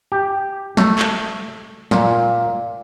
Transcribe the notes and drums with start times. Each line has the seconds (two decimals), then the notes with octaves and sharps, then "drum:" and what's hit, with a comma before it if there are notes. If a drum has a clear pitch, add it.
0.12 G4
0.77 A3, drum: snare
0.99 drum: clap
1.91 A#2, drum: snare